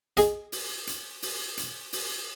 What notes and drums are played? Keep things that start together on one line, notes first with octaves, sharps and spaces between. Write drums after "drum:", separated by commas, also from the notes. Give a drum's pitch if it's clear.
G#4 D#5, drum: hi-hat
drum: open hi-hat
drum: hi-hat
drum: open hi-hat
drum: hi-hat
drum: open hi-hat